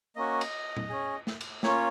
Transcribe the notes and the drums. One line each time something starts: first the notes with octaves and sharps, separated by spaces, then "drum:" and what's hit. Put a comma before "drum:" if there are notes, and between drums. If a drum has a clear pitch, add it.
A#3 C#4 F#4 D#5
drum: cymbal
drum: tom
C#4 G#4
drum: snare
drum: cymbal
A#3 C#4 F4 C#5, drum: snare